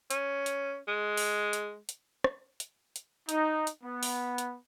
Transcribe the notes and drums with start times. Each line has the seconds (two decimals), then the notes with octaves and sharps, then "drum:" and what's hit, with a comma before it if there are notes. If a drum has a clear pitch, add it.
0.11 C#4, drum: hi-hat
0.46 drum: hi-hat
0.88 G#3
1.17 drum: open hi-hat
1.53 drum: hi-hat
1.89 drum: hi-hat
2.24 drum: rim click
2.60 drum: hi-hat
2.96 drum: hi-hat
3.29 D#4, drum: hi-hat
3.67 drum: hi-hat
3.84 B3
4.03 drum: open hi-hat
4.38 drum: hi-hat